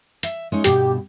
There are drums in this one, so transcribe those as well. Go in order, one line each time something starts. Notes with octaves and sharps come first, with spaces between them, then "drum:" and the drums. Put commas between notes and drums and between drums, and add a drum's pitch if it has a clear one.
E5, drum: hi-hat
G#3 C#4 D#4
G2 B2 G4, drum: hi-hat